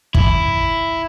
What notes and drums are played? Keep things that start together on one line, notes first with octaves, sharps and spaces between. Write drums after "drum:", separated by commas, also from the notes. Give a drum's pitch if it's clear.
E4, drum: kick